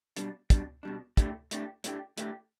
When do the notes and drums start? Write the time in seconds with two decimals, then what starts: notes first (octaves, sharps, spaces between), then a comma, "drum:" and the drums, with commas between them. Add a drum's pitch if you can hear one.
0.17 B2 G3 D4, drum: hi-hat
0.50 B2 G3 D4, drum: kick, hi-hat
0.83 B2 G3 D4
1.17 A2 A3 D4 G4, drum: kick, hi-hat
1.51 A2 A3 D4 G4, drum: hi-hat
1.84 A2 A3 D4 G4, drum: hi-hat
2.18 A2 A3 D4 G4, drum: hi-hat